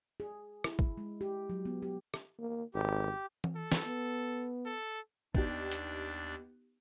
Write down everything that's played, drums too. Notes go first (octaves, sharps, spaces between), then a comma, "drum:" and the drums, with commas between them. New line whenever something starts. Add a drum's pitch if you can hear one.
G#4
E4, drum: rim click
drum: kick
G#3
G4
F#3
B3
G4
drum: rim click
A#3
G#1 G4
drum: tom E3
A4
drum: snare
B3
A4
D#2 B3 D4 D#4 G4 D5, drum: kick
drum: hi-hat